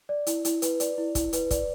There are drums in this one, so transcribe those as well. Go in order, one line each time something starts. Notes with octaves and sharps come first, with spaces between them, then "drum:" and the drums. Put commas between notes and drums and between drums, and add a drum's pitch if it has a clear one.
D5
E4, drum: hi-hat
E4, drum: hi-hat
B4, drum: hi-hat
D5, drum: hi-hat
E4
E4, drum: kick, hi-hat
B4, drum: hi-hat
D5, drum: kick, hi-hat